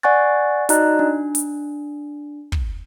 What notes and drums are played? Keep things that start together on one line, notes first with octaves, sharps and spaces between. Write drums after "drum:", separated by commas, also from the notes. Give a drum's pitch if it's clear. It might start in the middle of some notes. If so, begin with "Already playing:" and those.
D5 F#5 G#5 C#6 F#6 A6
D#4 F#4 D5 D#5 A#5 F#6, drum: hi-hat
D4
drum: hi-hat
drum: kick